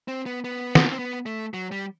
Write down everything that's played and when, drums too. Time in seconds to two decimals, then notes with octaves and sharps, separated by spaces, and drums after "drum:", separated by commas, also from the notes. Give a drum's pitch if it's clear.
0.08 C4
0.26 B3
0.44 B3
0.75 drum: snare
0.92 C4
0.99 B3
1.26 A3
1.54 F#3
1.72 G3